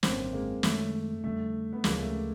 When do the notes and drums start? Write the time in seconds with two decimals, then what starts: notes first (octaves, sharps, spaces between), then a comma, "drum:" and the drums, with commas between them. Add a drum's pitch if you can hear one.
0.03 G#1 F#2 D3 A#3 C4, drum: snare
0.33 G#3 A#3
0.63 F#2 D#3 G#3 A3, drum: snare
1.24 F2 D3 G3 A3
1.73 B3
1.84 D2 C#3 F3 G#3 A#3, drum: snare
2.00 A3